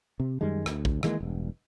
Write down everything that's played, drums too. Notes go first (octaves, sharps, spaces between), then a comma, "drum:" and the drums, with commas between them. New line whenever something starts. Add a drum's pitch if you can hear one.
C3
F#2 D#3 G3 G#3
D2, drum: rim click
drum: kick
D#3 E3 G#3 A#3, drum: rim click
E1 G2